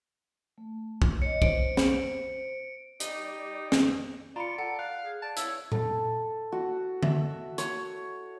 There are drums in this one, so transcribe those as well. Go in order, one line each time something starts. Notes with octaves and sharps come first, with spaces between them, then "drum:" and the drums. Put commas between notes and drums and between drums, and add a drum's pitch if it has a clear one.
A3
drum: kick B1
C#5 D#5 C#7
C5 D7, drum: kick B1
drum: snare
D#4 G4 D5, drum: hi-hat
drum: snare
F4 D5 A#5 B5 C#7
A4 F#5 C#7
F5 F#6
G#4
D5 A5
E4 C#5 E6, drum: hi-hat
A4, drum: tom A#2
F#4
E5, drum: tom D3
C#5, drum: hi-hat